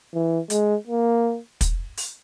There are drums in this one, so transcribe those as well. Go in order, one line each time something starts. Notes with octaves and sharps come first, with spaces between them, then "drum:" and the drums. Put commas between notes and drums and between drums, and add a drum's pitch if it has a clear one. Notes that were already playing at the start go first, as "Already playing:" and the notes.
E3
G#3, drum: hi-hat
A#3
drum: kick, hi-hat
drum: open hi-hat